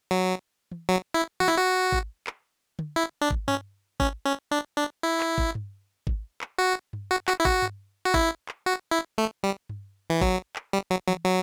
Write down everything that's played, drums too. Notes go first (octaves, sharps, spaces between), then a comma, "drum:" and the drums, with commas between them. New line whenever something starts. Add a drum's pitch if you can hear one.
F#3
drum: tom
F#3
E4
F#4, drum: tom
E4
F#4
drum: kick
drum: clap
drum: tom
E4
D4
drum: kick
C#4, drum: tom G2
C#4, drum: kick
C#4
D4
D4
E4
drum: clap
drum: kick
drum: tom G2
drum: kick
drum: clap
F#4
drum: tom G2
F#4
F#4, drum: clap
E4
F#4, drum: kick
drum: tom G2
F#4
E4, drum: kick
drum: clap
F#4
E4
A3
G3
drum: tom G2
E3
F#3, drum: kick
drum: clap
G3
F#3
F#3, drum: tom
F#3